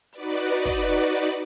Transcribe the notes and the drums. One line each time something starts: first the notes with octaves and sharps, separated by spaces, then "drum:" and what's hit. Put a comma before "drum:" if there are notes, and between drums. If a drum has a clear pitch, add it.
D#4 F#4 B4 D5, drum: hi-hat
drum: kick, open hi-hat
drum: hi-hat